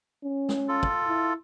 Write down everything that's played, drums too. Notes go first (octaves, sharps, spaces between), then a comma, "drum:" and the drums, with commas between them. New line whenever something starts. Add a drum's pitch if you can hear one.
C#4
drum: snare
F4 A4
drum: kick
E4